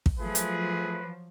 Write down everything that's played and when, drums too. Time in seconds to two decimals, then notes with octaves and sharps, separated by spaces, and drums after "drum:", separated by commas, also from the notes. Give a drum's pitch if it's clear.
0.06 drum: kick
0.19 F3 F#3 A3 F4 G#4 B4
0.35 drum: hi-hat